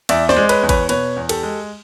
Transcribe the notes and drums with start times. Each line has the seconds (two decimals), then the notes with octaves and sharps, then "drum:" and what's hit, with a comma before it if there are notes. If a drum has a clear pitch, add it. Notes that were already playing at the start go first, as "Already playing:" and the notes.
0.09 E2 D5 E5, drum: cymbal
0.29 C5 D5, drum: snare
0.36 G#3
0.49 B4 C#5, drum: cymbal
0.63 E2
0.69 B4 C#5, drum: kick G#1, cymbal
0.89 B2 B4 C#5, drum: cymbal
1.16 E2
1.29 G4 A4, drum: cymbal
1.43 G#3